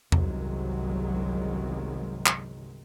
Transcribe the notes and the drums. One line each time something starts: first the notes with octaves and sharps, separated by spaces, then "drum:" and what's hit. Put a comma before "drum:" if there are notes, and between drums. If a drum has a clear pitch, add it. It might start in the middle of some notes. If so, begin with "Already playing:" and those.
G1 C2 C3 D#3 F#3 G#3, drum: tom E2
drum: clap